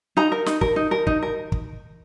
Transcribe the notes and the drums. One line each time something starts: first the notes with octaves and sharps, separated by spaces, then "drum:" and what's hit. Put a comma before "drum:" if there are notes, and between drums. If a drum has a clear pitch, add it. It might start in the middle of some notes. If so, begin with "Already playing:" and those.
D#4 A#5
A#4
D#4, drum: snare
A#4, drum: kick
D#4
A#4
D#4, drum: kick
A#4
drum: kick